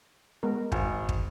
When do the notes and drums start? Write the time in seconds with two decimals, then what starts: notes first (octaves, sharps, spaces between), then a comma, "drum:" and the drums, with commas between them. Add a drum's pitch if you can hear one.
0.43 G#3 B3 A#4
0.72 G#1, drum: kick
1.09 drum: kick